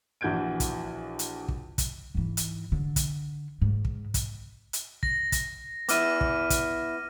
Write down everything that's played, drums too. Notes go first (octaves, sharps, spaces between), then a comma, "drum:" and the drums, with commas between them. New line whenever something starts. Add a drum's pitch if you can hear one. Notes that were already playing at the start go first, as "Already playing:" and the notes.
A#1 E3 F#4 G6 G#6 D7
drum: kick, hi-hat
drum: hi-hat
drum: kick
drum: kick, hi-hat
G#2 E3
drum: hi-hat
D3
drum: kick, hi-hat
G#2
drum: kick
drum: kick, hi-hat
drum: hi-hat
A#6, drum: kick
drum: kick, hi-hat
B3 E4 D6 F6 D#7, drum: hi-hat
drum: kick
drum: kick, hi-hat